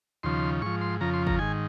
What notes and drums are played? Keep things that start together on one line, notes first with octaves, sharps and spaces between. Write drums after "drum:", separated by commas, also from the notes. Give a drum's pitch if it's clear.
D#2 C#3 F3 C6
G#2 F3 C#6
C6
F2 C#3 F3 A#5
C6
A#5, drum: kick
G#2 D#3 G#5